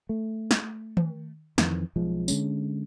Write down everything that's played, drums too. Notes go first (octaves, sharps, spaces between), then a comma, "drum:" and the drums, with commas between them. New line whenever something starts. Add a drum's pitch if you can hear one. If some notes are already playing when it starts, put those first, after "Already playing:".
A3
drum: snare
drum: tom D#3
F2 D#3 E3, drum: snare
B1 F3 G#3
D3 G#3 C#4, drum: tambourine